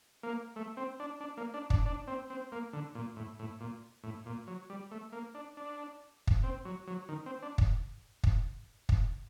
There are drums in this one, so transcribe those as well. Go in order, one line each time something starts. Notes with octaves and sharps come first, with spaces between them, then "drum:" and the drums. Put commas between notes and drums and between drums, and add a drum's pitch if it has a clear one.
A#3
A3
C4
D4
D4
A#3
D4
D4, drum: kick
D4
C4
C4
A#3
D3
A#2
A2
A2
A#2
A2
A#2
F#3
G3
A3
A#3
D4
D4
drum: kick
C4
F#3
F#3
D#3
C4
D4
drum: kick
drum: kick
drum: kick